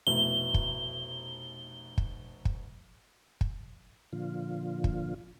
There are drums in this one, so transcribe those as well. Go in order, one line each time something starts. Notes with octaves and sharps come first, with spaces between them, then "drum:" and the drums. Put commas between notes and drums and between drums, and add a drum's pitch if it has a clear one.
F1 B2 E4 G7
drum: kick
drum: kick
drum: kick
drum: kick
A#2 D3 F3 F4
drum: kick